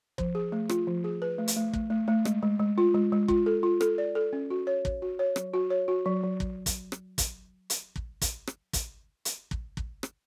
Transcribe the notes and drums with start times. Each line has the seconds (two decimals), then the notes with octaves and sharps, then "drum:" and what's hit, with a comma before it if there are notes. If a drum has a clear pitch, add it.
0.18 F3, drum: kick
0.35 G#4
0.52 A3
0.69 F4, drum: rim click
0.87 F3
1.04 G#4
1.22 B4
1.38 A3
1.48 drum: hi-hat
1.57 A3
1.73 A3, drum: kick
1.90 A3
2.08 A3
2.25 G#3, drum: rim click
2.43 G#3
2.59 G#3
2.78 F4
2.95 G#3
3.12 G#3
3.28 F4, drum: kick
3.46 A4
3.63 F4
3.81 A4, drum: rim click
3.98 D5
4.15 A4
4.33 C#4
4.50 F#4
4.67 C#5
4.85 C#5, drum: kick
5.02 F#4
5.19 C#5
5.36 F#3, drum: rim click
5.54 F#4
5.70 C#5
5.88 F#4
6.06 F#3
6.23 F#3
6.40 drum: kick
6.66 drum: kick, hi-hat
6.92 drum: rim click
7.18 drum: kick, hi-hat
7.70 drum: hi-hat
7.96 drum: kick
8.22 drum: kick, hi-hat
8.47 drum: rim click
8.73 drum: kick, hi-hat
9.25 drum: hi-hat
9.51 drum: kick
9.77 drum: kick
10.03 drum: rim click